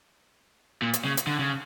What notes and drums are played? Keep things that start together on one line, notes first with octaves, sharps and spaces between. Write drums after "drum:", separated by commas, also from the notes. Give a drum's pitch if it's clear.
A#2
drum: hi-hat
C#3
drum: hi-hat
D3
C#3